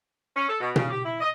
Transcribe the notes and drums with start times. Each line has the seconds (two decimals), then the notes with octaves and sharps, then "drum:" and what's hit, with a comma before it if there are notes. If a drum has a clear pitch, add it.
0.35 C#4
0.48 A4
0.60 B2
0.76 C#3, drum: tom B2
0.90 G4
1.04 E4
1.20 D#5